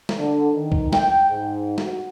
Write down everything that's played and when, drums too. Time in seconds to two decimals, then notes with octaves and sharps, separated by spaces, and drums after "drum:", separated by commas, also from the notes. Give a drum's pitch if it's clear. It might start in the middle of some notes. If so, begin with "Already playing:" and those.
0.09 drum: snare
0.18 D3
0.55 D#3
0.72 drum: kick C2
0.93 G5, drum: snare
1.31 G#2
1.78 F#4, drum: snare